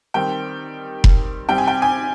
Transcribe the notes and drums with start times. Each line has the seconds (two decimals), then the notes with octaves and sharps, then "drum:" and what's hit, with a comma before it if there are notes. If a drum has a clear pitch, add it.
0.14 D#3 G3 C4 G5
1.04 drum: kick F1
1.48 C3 G3 C4 G5
1.58 G#5
1.67 G5
1.82 G#5